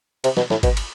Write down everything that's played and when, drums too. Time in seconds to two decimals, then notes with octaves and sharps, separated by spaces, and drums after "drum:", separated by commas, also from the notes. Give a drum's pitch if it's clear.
0.24 C3, drum: cymbal
0.37 B2, drum: snare
0.50 A2, drum: snare
0.63 B2, drum: kick, cymbal
0.77 drum: cymbal